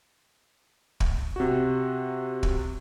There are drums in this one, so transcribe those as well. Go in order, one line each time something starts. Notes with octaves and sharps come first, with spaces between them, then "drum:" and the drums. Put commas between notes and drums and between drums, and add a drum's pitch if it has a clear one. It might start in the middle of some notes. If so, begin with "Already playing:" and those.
drum: kick
C3 F#4
drum: kick